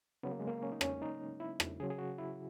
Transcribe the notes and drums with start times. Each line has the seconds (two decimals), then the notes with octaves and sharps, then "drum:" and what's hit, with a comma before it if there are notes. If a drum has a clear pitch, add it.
0.23 C#3 F#3 B3
0.31 A#3
0.40 G#3
0.47 A#3
0.63 C#4
0.72 D#4
0.81 C#4, drum: rim click
1.02 D#4
1.40 E4
1.60 drum: rim click
1.80 C#3 F#3 G#4
1.90 G#4
1.98 F#4
2.18 E4